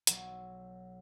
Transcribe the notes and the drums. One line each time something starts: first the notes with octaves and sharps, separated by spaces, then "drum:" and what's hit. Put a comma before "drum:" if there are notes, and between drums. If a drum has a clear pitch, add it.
B1 F#3 E6, drum: hi-hat